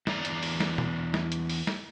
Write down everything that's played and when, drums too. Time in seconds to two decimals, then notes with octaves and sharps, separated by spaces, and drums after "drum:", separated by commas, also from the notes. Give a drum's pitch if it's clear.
0.07 E2 D4 D5 A#5, drum: snare
0.25 drum: hi-hat
0.43 drum: open hi-hat
0.60 drum: snare
0.78 drum: tom B2
1.14 drum: snare
1.32 drum: hi-hat
1.50 drum: open hi-hat
1.67 drum: snare